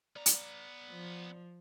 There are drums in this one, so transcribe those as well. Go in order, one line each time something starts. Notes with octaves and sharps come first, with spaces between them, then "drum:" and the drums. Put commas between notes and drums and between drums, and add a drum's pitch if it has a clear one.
B3 D5 A#5
drum: hi-hat
F3